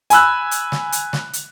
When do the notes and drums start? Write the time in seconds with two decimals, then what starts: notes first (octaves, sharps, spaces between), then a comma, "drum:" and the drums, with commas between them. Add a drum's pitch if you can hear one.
0.10 G#5 B5 E6 F#6, drum: hi-hat
0.51 drum: hi-hat
0.72 drum: snare
0.92 drum: hi-hat
1.13 drum: snare
1.33 drum: hi-hat